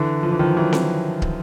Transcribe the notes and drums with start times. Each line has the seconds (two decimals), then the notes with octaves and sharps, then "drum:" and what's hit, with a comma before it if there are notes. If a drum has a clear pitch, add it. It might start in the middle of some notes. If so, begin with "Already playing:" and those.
Already playing: D3 E3
0.23 F3
0.32 E3
0.39 D#3 F3
0.56 E3 F#3
0.73 drum: snare C4
1.22 drum: kick